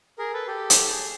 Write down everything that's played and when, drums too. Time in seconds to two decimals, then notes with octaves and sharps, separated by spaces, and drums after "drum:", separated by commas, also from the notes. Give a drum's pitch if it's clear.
0.19 G#4 A#4
0.33 A4 B4
0.48 G4 A4
0.70 drum: hi-hat
0.91 G#4